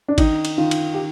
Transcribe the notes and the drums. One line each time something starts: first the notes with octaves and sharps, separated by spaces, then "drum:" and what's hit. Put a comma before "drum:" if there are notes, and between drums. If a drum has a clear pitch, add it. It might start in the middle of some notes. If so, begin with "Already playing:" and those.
D4
D#3 D#4, drum: kick, cymbal
drum: cymbal
D#3 F4
drum: cymbal
G4